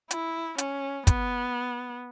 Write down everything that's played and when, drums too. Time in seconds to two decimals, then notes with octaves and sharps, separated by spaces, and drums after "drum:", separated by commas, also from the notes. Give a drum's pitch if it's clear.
0.11 E4, drum: hi-hat
0.58 C#4, drum: hi-hat
1.07 B3, drum: kick, hi-hat